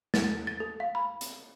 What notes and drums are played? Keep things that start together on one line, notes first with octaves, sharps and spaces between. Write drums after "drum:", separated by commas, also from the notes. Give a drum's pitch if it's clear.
A6, drum: snare
A6
A4
F5
B5
drum: hi-hat